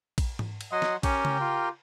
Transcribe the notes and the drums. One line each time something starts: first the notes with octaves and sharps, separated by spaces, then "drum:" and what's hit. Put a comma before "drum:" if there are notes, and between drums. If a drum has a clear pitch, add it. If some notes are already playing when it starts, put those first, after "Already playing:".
drum: kick A#1, cymbal
drum: tom G#2
drum: cymbal
F#3 D#5 F#5 C6
drum: snare
C#4 G4 A#4 G5, drum: kick A#1, cymbal
drum: tom C#3
F4